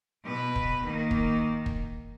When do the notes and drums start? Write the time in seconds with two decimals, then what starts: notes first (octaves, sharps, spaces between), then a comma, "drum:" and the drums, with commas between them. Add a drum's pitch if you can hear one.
0.24 B2 B4
0.56 drum: kick
0.83 D#3 A#3
1.11 drum: kick
1.66 drum: kick